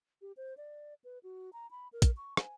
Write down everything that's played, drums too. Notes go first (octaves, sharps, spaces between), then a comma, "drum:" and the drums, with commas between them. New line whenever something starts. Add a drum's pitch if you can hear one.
G4
C5
D5
B4
F#4
A#5
B5
A#4
drum: kick, hi-hat
C#6
G#5, drum: rim click